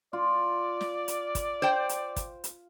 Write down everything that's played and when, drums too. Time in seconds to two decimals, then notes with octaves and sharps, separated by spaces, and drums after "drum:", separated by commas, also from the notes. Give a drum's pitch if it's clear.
0.13 F4 D5
0.81 drum: snare
1.08 drum: hi-hat
1.35 drum: kick, hi-hat
1.62 C5 G5
1.89 drum: hi-hat
2.16 drum: kick, hi-hat
2.44 drum: hi-hat